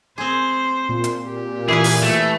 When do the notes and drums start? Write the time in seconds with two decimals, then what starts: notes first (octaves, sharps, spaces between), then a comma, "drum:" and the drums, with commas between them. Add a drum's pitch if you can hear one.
0.18 C4 G#4 C5
0.89 A#2
1.04 drum: hi-hat
1.24 G4
1.68 E3 E4 G#4 B4
1.84 drum: open hi-hat
2.02 A3